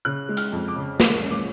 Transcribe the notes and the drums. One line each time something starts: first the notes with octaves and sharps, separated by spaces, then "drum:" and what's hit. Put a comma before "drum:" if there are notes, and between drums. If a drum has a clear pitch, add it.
C#3 F#6
G#3
F6, drum: hi-hat
F2
D6
C#3
G#3 D6, drum: snare
C#4
D6